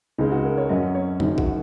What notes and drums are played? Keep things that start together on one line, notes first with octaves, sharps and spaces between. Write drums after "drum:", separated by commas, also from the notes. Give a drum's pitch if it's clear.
C#2 C#3 G#3 D#4
F#4
A#4
C#5
F#2 F#3 C#4 D#5
C#5
F#1 F#2 D#3 D#4, drum: tom F2
F#4, drum: kick A#1